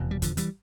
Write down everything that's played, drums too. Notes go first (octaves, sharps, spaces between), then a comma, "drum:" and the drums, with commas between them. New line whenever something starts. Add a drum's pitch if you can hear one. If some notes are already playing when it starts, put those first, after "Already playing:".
Already playing: F1 E2 B2
G3
D3 F3, drum: kick, hi-hat
E3 G3, drum: hi-hat